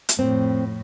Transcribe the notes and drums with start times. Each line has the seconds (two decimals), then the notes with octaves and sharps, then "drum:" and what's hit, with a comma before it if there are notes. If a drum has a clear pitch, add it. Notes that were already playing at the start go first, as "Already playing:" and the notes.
0.09 drum: hi-hat
0.19 F2 A2 C4